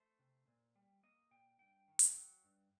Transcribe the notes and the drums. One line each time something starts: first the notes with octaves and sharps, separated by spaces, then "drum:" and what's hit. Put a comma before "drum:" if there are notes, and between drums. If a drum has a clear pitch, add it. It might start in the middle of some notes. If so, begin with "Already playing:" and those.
Already playing: A3 C5
C3
A#2
G3
A#3 D#5
A#2 G5
G2 G5
D#3
drum: hi-hat
F#3
G2